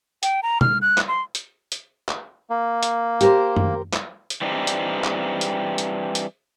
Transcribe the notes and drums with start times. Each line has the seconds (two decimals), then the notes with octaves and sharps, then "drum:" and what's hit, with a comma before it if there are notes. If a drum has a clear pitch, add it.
0.23 G5, drum: hi-hat
0.43 A#5
0.61 F6, drum: tom B2
0.82 F#6
0.98 drum: clap
1.08 C6
1.35 drum: hi-hat
1.72 drum: hi-hat
2.09 drum: clap
2.50 A#3
2.83 drum: hi-hat
3.21 G4 A#4 C5, drum: hi-hat
3.56 drum: tom F#2
3.93 drum: clap
4.30 drum: hi-hat
4.42 E3 G3 C4 D4 D#4
4.67 drum: hi-hat
5.04 drum: clap
5.41 drum: hi-hat
5.78 drum: hi-hat
6.15 drum: hi-hat